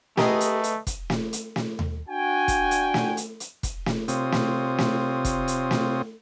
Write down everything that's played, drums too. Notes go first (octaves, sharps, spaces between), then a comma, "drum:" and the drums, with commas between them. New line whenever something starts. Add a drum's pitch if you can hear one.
A3 B3 G4 G#4 A#4 D#5, drum: snare
drum: hi-hat
drum: hi-hat
drum: kick F1, hi-hat
drum: snare
drum: hi-hat
drum: snare
drum: tom D#2
D4 F#4 G5 G#5
drum: kick F1, hi-hat
drum: hi-hat
drum: snare
drum: hi-hat
drum: hi-hat
drum: kick F1, hi-hat
drum: snare
C3 C4 F4 C#5 D#6, drum: hi-hat
drum: snare
drum: snare
drum: kick F1, hi-hat
drum: hi-hat
drum: snare